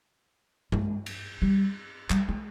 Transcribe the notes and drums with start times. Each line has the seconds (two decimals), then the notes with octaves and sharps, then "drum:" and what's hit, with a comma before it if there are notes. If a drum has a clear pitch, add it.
0.72 G#3, drum: tom G2
1.06 drum: cymbal
1.42 G3
2.10 G3, drum: clap
2.29 G#3